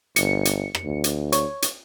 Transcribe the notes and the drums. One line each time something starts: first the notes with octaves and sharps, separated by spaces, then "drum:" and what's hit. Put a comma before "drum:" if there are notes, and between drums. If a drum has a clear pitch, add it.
G1 C#7, drum: hi-hat
drum: hi-hat
drum: rim click
D2
drum: hi-hat
C#5, drum: hi-hat
drum: hi-hat